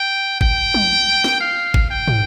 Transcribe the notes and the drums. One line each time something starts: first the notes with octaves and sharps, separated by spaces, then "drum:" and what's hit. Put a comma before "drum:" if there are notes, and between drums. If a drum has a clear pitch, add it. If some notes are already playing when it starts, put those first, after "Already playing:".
Already playing: G5
G5, drum: kick
drum: tom
drum: snare
F5
drum: kick
G5
drum: tom